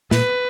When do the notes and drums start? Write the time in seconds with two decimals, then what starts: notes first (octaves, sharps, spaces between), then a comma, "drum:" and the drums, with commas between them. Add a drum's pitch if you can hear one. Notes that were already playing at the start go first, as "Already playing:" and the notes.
0.11 A#2 B4, drum: snare